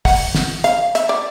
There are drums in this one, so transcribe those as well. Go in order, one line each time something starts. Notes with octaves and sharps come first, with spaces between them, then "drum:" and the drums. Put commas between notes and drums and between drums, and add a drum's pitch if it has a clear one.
F#5, drum: kick, open hi-hat
drum: snare
F5, drum: hi-hat
E5, drum: hi-hat
D5